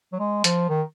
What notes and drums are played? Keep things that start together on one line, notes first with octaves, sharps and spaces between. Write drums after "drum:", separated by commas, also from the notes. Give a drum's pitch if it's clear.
F#3
G#3
F3, drum: hi-hat
D#3